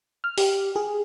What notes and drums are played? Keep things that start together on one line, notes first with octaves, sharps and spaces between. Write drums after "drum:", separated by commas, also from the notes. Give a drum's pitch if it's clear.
F6
G4, drum: open hi-hat
G#4